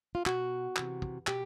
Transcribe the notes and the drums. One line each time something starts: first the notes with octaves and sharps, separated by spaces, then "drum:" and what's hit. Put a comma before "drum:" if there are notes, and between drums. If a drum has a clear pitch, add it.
F4
B2 F#4, drum: clap
C3 E3, drum: clap
drum: kick
B2 G4, drum: clap